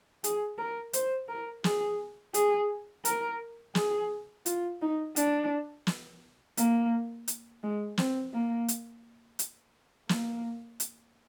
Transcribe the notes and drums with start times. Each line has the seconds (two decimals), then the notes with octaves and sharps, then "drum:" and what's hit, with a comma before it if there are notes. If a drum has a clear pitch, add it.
0.24 G#4, drum: hi-hat
0.58 A#4
0.93 C5, drum: hi-hat
1.28 A#4
1.64 G#4, drum: snare
2.34 G#4, drum: hi-hat
3.05 A#4, drum: hi-hat
3.75 G#4, drum: snare
4.46 F4, drum: hi-hat
4.81 D#4
5.16 D4, drum: hi-hat
5.87 drum: snare
6.57 A#3, drum: hi-hat
7.28 drum: hi-hat
7.63 G#3
7.98 C4, drum: snare
8.33 A#3
8.68 drum: hi-hat
9.39 drum: hi-hat
10.09 A#3, drum: snare
10.80 drum: hi-hat